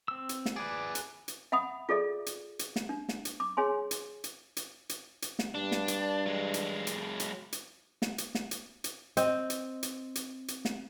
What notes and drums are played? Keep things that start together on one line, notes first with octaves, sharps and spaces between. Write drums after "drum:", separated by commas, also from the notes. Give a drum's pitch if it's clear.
C4 E6
drum: hi-hat
drum: snare
G#4 B4 D5
drum: hi-hat
drum: hi-hat
E5 F#5 B5 D#6
F4 G#4 A4 D5 E5
drum: hi-hat
drum: hi-hat
drum: snare
D4
drum: snare
drum: hi-hat
D6
G#4 C#5 G#5 C6
drum: hi-hat
drum: hi-hat
drum: hi-hat
drum: hi-hat
drum: hi-hat
drum: snare
G2 D4
drum: snare
drum: hi-hat
F#3 G#3
drum: hi-hat
drum: hi-hat
drum: hi-hat
drum: hi-hat
drum: snare
drum: hi-hat
drum: snare
drum: hi-hat
drum: hi-hat
C4 D#5, drum: hi-hat
drum: hi-hat
drum: hi-hat
drum: hi-hat
drum: hi-hat
drum: snare